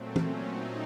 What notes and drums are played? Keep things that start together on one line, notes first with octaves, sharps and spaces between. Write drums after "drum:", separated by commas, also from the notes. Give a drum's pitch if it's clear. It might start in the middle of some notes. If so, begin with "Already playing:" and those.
Already playing: A#2 F#3 A3 C4
C#4, drum: tom
D#4